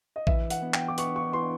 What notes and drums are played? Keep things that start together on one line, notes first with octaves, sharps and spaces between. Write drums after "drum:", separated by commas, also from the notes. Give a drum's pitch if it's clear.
D#5
E3 E5, drum: kick A#1
F#5, drum: hi-hat
B3
G5, drum: clap
D6
B3 C#6, drum: hi-hat
C#6
E3 C6